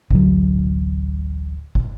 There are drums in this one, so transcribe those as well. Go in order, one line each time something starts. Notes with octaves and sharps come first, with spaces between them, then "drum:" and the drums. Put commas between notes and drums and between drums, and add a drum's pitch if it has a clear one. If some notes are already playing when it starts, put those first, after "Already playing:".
D1 A1 D3 F#3, drum: kick
drum: kick